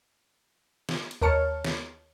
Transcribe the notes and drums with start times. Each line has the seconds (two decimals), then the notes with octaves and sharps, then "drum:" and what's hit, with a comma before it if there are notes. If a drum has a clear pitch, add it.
0.89 drum: snare
1.11 drum: cymbal
1.22 D#2 A#4 C#5 A5 F6 C#7
1.65 drum: snare